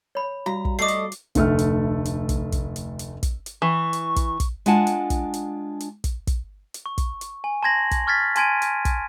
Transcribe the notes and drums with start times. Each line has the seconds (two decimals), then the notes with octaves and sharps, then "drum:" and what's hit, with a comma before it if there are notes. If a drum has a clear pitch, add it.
0.15 C#5 B5
0.46 G3 F#4 F5 A#5
0.65 drum: kick
0.79 A3 D5 D#5 D6 C7
0.88 drum: hi-hat
1.12 drum: hi-hat
1.35 F1 D2 A3 A4 F6, drum: kick, hi-hat
1.59 drum: hi-hat
2.05 drum: hi-hat
2.29 drum: kick, hi-hat
2.52 drum: kick, hi-hat
2.76 drum: hi-hat
2.99 drum: hi-hat
3.23 drum: kick, hi-hat
3.46 drum: hi-hat
3.62 E3 C#6
3.93 drum: hi-hat
4.16 drum: kick, hi-hat
4.40 drum: kick, hi-hat
4.66 G#3 D4 F4 F#5 G#5 A5, drum: hi-hat
4.87 drum: hi-hat
5.10 drum: kick, hi-hat
5.34 drum: hi-hat
5.80 drum: hi-hat
6.04 drum: kick, hi-hat
6.27 drum: kick, hi-hat
6.74 drum: hi-hat
6.86 C#6
6.98 drum: kick, hi-hat
7.21 drum: hi-hat
7.44 G#5
7.63 A5 C6 G#6 A#6 F#7
7.91 drum: kick, hi-hat
8.07 C#6 F6 G#6 A6 B6
8.36 G#5 A5 C6 G#6 D7 D#7, drum: hi-hat
8.62 drum: hi-hat
8.85 drum: kick, hi-hat